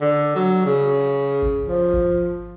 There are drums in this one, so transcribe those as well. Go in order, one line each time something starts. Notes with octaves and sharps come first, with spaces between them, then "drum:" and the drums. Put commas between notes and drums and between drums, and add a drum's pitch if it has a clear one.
D3
F#3
C#3
drum: kick G#1
F3
drum: kick G#1